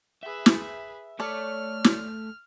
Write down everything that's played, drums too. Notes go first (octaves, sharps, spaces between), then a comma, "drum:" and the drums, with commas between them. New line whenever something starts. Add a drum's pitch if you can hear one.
G#4 B4 E5
drum: snare
A3 C#5 D5 A5 F6
drum: snare